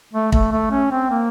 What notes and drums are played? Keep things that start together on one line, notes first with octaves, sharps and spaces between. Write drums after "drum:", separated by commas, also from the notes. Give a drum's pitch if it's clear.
A3
A3, drum: kick
A3
C#4
C4
A#3